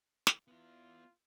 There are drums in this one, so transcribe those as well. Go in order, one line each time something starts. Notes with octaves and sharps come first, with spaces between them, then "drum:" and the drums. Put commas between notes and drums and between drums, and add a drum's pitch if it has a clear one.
drum: snare
B3 E4 F4